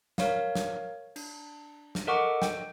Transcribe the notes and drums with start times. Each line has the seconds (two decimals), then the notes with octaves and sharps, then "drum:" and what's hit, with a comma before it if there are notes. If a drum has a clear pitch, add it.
0.18 A#4 C#5 F5, drum: snare
0.55 drum: snare
1.16 D4, drum: cymbal
1.95 drum: snare
2.07 A4 A#4 D#5 F#5 C#6 D6
2.42 G5, drum: snare